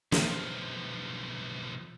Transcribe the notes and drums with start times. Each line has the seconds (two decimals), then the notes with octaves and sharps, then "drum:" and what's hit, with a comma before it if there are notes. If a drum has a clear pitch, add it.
0.12 B1 F3, drum: snare